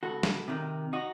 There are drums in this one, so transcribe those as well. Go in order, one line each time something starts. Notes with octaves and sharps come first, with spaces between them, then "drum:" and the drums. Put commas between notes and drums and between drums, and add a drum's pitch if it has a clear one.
C#2 F#4 A4
drum: snare
C3 D#3
D#4 F#4